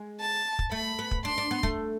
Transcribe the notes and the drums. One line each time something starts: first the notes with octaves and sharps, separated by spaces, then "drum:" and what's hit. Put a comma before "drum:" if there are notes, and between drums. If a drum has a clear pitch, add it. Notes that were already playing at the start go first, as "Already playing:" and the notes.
Already playing: G#3
A5
drum: kick
A3 B5
B3
drum: kick
D4 C6
D4
B3
A3, drum: kick